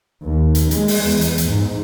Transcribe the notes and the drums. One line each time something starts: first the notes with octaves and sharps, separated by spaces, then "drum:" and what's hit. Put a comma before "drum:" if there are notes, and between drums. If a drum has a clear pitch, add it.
D#2
drum: hi-hat
G#3, drum: hi-hat
drum: open hi-hat
E2
drum: hi-hat
drum: hi-hat
G#2